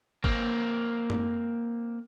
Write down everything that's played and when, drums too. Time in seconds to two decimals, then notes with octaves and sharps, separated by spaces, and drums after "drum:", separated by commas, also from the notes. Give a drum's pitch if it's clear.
0.24 A#3 C4, drum: kick
1.10 drum: tom F#2